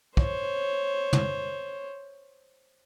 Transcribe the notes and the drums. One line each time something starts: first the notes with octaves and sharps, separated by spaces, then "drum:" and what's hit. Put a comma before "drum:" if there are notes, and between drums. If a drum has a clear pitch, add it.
C5 C#5, drum: kick
drum: tom